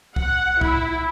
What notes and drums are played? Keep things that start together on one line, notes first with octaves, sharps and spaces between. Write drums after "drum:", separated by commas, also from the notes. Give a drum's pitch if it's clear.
F#5, drum: kick C2
E4, drum: kick C2